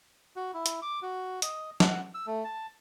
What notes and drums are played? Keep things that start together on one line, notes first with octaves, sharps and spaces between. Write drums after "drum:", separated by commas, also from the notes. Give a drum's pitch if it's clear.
F#4
E4
drum: hi-hat
D6
F#4
D#5, drum: hi-hat
F#5, drum: snare
E6
A3
A5